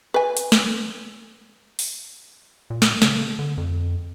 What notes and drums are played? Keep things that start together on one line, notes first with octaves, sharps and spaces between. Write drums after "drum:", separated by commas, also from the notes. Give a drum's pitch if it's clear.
B4 G#5
drum: hi-hat
drum: snare
drum: open hi-hat
A#2
drum: snare
C#3, drum: snare
D3
F2